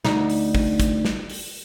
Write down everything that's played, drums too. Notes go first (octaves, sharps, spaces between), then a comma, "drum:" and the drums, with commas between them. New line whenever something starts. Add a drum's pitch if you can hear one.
D2 D#4, drum: snare
drum: open hi-hat
drum: kick
drum: kick, hi-hat
drum: snare
drum: open hi-hat